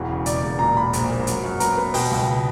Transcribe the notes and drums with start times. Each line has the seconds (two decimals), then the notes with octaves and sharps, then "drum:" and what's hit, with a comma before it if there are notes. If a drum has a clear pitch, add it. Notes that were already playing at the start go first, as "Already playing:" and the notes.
Already playing: E1 E2
0.10 C#3
0.26 E1 D5, drum: hi-hat
0.43 E1
0.59 A#2 A#5
0.76 A#2 B5
0.93 A#1, drum: hi-hat
1.10 A#3
1.27 F#3, drum: hi-hat
1.44 F#2
1.60 B3 A#5, drum: hi-hat
1.78 B3
1.94 B2 G5, drum: open hi-hat
2.11 C#2